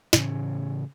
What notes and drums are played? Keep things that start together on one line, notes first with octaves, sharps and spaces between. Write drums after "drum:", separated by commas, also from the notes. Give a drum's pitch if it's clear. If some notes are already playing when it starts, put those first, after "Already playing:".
A2 C#3 E3 C#4, drum: snare